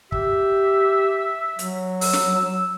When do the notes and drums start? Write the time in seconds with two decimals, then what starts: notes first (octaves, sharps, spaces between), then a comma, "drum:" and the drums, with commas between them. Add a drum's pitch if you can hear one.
0.12 G4 E5, drum: kick
1.59 F#3, drum: hi-hat
2.01 E6, drum: open hi-hat
2.13 drum: snare